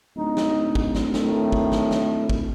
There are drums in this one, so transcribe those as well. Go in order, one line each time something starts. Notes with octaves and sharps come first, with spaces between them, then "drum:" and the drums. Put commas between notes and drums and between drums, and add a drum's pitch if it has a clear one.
D1 D#4
drum: snare
drum: kick
drum: snare
A2 D#3 A3, drum: snare
drum: kick
drum: snare
drum: snare
drum: kick